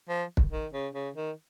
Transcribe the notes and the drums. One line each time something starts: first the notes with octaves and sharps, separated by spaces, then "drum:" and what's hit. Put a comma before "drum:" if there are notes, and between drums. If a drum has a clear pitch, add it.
F3
drum: kick
D#3
C#3
C#3
D#3